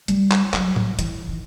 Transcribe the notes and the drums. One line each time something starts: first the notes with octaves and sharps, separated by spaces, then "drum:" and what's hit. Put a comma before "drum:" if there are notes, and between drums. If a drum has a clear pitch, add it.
G3, drum: hi-hat
drum: clap
F#3, drum: clap
drum: tom A2
E3, drum: hi-hat
D#3